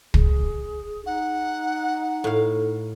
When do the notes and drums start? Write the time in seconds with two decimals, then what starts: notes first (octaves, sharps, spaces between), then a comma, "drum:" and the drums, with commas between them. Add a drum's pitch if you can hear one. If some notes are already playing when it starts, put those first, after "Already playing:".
0.14 G#4, drum: kick
1.06 D#4 F#5
2.24 A2 F5